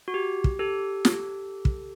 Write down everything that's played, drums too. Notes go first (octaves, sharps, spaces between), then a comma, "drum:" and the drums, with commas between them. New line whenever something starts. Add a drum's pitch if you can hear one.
F#4
G4
drum: kick
G4 A4
drum: snare
drum: kick